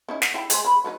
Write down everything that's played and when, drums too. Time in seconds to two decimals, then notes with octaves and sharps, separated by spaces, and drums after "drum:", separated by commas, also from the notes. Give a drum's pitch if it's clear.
0.08 C#4 D#4 E4
0.22 F#5, drum: snare
0.34 E4 G5 A#5
0.50 G#3 G#4 C5, drum: hi-hat
0.65 B4 B5
0.84 F#3 D#4 B4